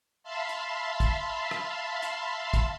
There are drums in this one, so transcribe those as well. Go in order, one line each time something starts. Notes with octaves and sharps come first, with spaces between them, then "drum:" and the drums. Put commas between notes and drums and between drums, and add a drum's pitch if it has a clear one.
E5 F5 A5 B5 C6
drum: hi-hat
drum: kick, hi-hat
drum: rim click
drum: hi-hat
drum: kick, hi-hat